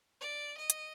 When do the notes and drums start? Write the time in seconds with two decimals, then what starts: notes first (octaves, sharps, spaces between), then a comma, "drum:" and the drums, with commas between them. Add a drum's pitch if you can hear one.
0.21 D5
0.58 D#5
0.70 drum: hi-hat